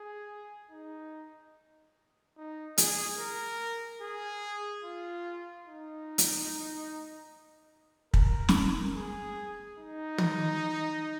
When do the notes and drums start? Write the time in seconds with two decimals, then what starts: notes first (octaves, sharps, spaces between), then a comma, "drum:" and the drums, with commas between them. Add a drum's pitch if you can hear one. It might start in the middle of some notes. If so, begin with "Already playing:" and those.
Already playing: G#4
0.71 D#4
2.37 D#4
2.78 G#4, drum: hi-hat
3.18 A#4
4.01 G#4
4.84 F4
5.66 D#4
6.18 drum: hi-hat
8.14 A#4, drum: kick
8.49 drum: snare
8.96 G#4
9.78 D#4
10.18 drum: tom